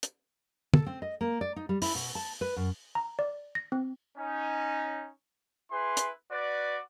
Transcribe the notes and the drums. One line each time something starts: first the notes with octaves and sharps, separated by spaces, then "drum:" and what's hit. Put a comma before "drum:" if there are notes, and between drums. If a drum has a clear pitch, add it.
drum: hi-hat
A4, drum: tom
C4
D#5
A#3
D5
D#4
G3
E4, drum: open hi-hat
B2
A5
B4
F#2
A#5
D5
A#6
C4
C#4 D#4
E4 G#4 B4 C6
drum: hi-hat
F#4 B4 D5